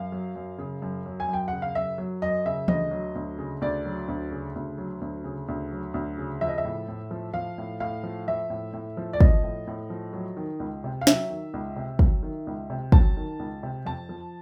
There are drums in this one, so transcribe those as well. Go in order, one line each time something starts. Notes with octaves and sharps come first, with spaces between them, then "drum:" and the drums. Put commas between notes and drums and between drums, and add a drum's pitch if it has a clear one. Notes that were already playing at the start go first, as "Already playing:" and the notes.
Already playing: F#2 F5
F#3
F#2
C#3
F#2
F#3
G#5
F#2
G5
C#3 F#5
F5
F#2 E5
F#3
F#2 D#5
C#3 E5
D2 D#5, drum: tom E3
F#3
D2
C#3
D2 D5
F#3
D2
C#3
D2
F#3
D2
C#3
D2
F#3
D2
C#3
F3 E5
D#5
E5
A2
A2
F3
F3 F5
A2
A2 F5
F3
F3 E5
A2
A2
F3
D5
F3 D#5, drum: kick
A2
A2
F3
F#3
D#3
C#2
C3
F5
F#3 E5, drum: snare
D#3
C#2
C3
F#3, drum: kick
D#3
C#2
C3
F#3 A5, drum: kick
D#3
C#2
C3
F2 A5
F3